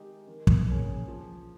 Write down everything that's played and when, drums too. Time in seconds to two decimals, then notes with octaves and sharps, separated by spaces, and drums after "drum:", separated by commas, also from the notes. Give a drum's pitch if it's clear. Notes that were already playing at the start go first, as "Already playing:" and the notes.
Already playing: D#3 G#3 D#4 G4
0.27 D#3
0.47 drum: kick
0.67 A#3 C#4 G#4
1.08 F3